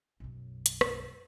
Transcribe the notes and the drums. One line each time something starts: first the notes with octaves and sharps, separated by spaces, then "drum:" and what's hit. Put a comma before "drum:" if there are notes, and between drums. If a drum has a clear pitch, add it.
B1 F#2
drum: hi-hat
drum: rim click